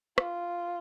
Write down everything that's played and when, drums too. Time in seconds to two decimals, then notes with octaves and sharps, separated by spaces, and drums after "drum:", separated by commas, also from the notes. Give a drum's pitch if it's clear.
0.18 F4, drum: rim click